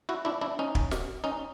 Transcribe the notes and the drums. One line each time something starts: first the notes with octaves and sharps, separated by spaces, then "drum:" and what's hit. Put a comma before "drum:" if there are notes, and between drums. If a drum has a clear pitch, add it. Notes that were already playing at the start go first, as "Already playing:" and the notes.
E4 F#4
D4 E4
D4 E4
C#4 D#4
drum: kick
drum: snare
C#4 D#4